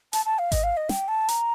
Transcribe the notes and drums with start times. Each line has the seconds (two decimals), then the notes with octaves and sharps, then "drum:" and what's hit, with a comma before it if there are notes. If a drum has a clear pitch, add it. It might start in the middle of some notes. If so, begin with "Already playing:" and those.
0.13 A5, drum: hi-hat
0.25 A5
0.39 F5
0.52 D#5, drum: kick G#1, hi-hat
0.63 F5
0.77 D#5
0.89 G5, drum: snare
1.08 A5
1.28 A#5, drum: hi-hat